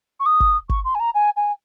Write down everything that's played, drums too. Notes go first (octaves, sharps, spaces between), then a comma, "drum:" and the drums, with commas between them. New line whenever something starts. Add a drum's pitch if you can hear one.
C#6
D#6
drum: kick G#1
C#6, drum: kick G#1
C6
G#5
A#5
G#5
G#5